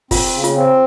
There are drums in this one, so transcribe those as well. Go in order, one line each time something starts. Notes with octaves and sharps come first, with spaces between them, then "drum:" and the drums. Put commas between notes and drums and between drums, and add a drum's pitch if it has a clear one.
C4 F4, drum: kick, open hi-hat
C#3
F4, drum: hi-hat
C4